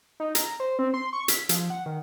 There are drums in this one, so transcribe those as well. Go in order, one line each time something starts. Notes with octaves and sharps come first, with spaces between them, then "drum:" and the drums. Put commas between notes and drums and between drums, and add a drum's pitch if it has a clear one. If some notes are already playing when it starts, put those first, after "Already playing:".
D#4
A#5, drum: hi-hat
C5
C4
C6
C#6
B6, drum: hi-hat
F3, drum: hi-hat
F#5
D#3